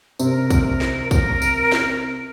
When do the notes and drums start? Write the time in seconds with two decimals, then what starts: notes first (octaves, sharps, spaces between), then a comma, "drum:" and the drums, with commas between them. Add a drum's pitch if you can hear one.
0.19 C3 A#4, drum: tambourine
0.50 drum: kick, tambourine
0.66 A#4
0.81 drum: snare
1.11 A#4, drum: kick, tambourine
1.42 drum: tambourine
1.72 drum: snare